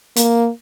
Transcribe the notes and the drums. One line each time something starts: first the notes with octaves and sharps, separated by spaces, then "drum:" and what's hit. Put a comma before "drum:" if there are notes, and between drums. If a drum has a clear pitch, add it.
A#3, drum: hi-hat